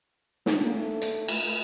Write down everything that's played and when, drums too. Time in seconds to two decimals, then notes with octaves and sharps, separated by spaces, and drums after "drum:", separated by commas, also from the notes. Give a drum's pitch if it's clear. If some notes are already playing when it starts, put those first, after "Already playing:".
0.46 D#4, drum: snare
0.55 D4
0.64 A#3
0.73 A3
1.02 drum: hi-hat
1.28 drum: cymbal